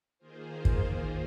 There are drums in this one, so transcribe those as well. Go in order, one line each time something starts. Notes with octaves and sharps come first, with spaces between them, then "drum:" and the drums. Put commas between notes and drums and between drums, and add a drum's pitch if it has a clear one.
D#3 A#3 F4 G#4 C5
drum: kick